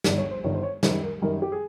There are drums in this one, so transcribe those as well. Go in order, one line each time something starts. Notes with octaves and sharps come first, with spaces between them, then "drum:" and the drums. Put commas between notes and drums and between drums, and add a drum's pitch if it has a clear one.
G1 G2 D#3 D5, drum: snare
C#5
C5
G1 G2 D#3 C#5
C5
C#5
F#2 D#3 G3 C5, drum: snare
A#4
F#2 D#3 G3 A#4
G4
G#4